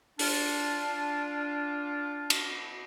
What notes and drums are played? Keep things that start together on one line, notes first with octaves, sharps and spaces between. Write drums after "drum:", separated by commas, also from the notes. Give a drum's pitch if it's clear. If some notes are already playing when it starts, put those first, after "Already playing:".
D4 F4, drum: open hi-hat
drum: cymbal